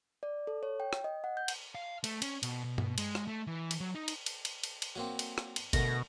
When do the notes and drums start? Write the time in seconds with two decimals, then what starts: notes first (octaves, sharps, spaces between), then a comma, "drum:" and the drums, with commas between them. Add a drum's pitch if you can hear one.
0.23 D5
0.47 A4
0.63 C#5
0.80 G5
0.93 drum: rim click
1.04 D#5
1.24 F#5
1.37 G6
1.48 drum: cymbal
1.75 F5
2.04 A3, drum: cymbal
2.22 C#4, drum: cymbal
2.43 B2, drum: cymbal
2.64 B2
2.78 drum: tom G2
2.98 G#3, drum: cymbal
3.15 drum: rim click
3.28 A3
3.47 E3
3.71 drum: cymbal
3.80 F#3
3.95 D#4
4.08 drum: cymbal
4.26 drum: cymbal
4.45 drum: cymbal
4.64 drum: cymbal
4.82 drum: cymbal
4.96 F#3 A#3 C4
5.19 drum: cymbal
5.38 drum: rim click
5.56 drum: cymbal
5.73 B2 D3 A3 A#4 A#6, drum: kick G1, cymbal